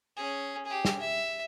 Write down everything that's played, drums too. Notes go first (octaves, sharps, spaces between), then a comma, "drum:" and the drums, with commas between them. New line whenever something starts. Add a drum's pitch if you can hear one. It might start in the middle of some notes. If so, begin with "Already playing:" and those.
C#4 G#4
G4 G#4
drum: snare
E5